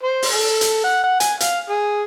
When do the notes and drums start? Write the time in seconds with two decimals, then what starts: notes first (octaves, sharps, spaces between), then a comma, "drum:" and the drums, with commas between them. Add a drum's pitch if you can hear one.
0.03 C5
0.22 drum: open hi-hat
0.33 A4
0.61 drum: hi-hat
0.84 F#5
1.04 F#5
1.20 G#5, drum: hi-hat
1.40 F5, drum: hi-hat
1.70 G#4